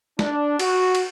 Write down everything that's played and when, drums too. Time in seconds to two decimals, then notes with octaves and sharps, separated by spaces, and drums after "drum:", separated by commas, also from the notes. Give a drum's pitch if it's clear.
0.19 D4, drum: snare
0.59 F#4, drum: cymbal
0.95 drum: cymbal